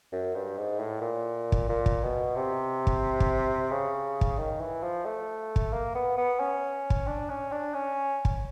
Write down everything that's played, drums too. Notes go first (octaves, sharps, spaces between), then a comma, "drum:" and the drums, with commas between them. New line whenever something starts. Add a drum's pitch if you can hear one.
F#2
G2
G#2
A2
A#2
drum: kick
A#2
drum: kick
B2
C3
drum: kick
drum: kick
C#3
drum: kick
D#3
E3
F3
A3
drum: kick
A#3
B3
B3
C#4
drum: kick
D4
C#4
D4
C#4
drum: kick